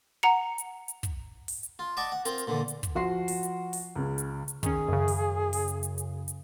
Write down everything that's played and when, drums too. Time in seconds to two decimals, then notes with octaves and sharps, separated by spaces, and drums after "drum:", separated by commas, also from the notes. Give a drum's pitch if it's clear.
0.23 F#5 A#5 C#7
0.58 drum: hi-hat
0.88 drum: hi-hat
1.03 drum: kick, hi-hat
1.48 drum: open hi-hat
1.63 drum: hi-hat
1.79 F4
1.97 D5 D#5 F#5 A5 C#6 D6
2.12 F#5
2.25 C4 F4 A#4, drum: hi-hat
2.38 drum: hi-hat
2.47 A#2 D3 E3
2.68 drum: hi-hat
2.83 drum: kick, hi-hat
2.95 F3 F#4 C6 C7
3.28 drum: open hi-hat
3.43 drum: hi-hat
3.73 drum: open hi-hat
3.96 C#2 C#3
4.18 drum: hi-hat
4.48 drum: hi-hat
4.63 D#3 C#4 G#4, drum: kick, hi-hat
4.88 F#2 C#3
5.08 drum: open hi-hat
5.53 drum: open hi-hat
5.68 drum: hi-hat
5.83 drum: hi-hat
5.98 drum: hi-hat
6.28 drum: hi-hat